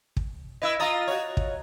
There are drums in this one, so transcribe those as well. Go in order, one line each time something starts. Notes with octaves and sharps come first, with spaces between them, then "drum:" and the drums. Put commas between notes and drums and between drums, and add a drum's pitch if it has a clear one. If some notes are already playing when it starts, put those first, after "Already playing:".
drum: kick
E4 B4 D#5 E6
F4 D#5 A#5 D#6 A6
F#4 C#5
drum: kick